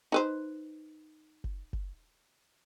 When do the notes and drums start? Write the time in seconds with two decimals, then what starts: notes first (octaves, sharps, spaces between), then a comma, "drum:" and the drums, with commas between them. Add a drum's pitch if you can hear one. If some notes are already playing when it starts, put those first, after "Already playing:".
0.12 D#4 B4 C5
1.44 drum: kick F#1
1.73 drum: kick F#1